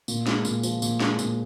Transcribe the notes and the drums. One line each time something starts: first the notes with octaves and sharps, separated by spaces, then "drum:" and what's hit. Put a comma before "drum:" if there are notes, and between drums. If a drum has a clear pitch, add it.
A#2, drum: tambourine
G#3, drum: snare
A#2, drum: tambourine
F3, drum: tambourine
A#2, drum: tambourine
G#3, drum: snare
A#2, drum: tambourine